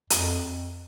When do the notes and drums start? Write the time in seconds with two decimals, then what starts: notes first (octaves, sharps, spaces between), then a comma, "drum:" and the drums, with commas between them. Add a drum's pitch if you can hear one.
0.10 F2, drum: hi-hat